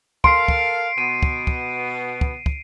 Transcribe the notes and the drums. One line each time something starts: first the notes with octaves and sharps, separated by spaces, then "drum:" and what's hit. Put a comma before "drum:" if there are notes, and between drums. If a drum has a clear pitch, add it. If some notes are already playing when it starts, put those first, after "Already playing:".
A4 A#4 F5 C6 C7 D7, drum: kick
drum: kick
B2 B3 D#7
drum: kick
drum: kick
drum: kick
drum: kick